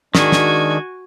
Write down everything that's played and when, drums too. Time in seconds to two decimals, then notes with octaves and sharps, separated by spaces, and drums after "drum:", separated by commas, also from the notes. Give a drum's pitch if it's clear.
0.15 D#3 G#3 D4 F#4 G#5, drum: snare
0.32 drum: snare